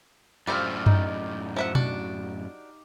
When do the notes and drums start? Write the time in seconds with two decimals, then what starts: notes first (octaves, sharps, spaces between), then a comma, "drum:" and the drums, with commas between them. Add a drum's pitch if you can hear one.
0.47 F#2 A2 G3 F4 G4 C5 E5 F5
0.86 D#4, drum: tom F#2
1.57 F3 E5 F#5
1.75 D4 F#4, drum: tom B2